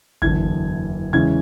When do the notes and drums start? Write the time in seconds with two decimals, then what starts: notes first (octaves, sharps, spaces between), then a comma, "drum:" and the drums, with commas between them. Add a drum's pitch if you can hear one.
0.22 F#1 E2 D3 G#6, drum: kick G#1
1.13 E2 C#3 G#3 C#4 E4 G#6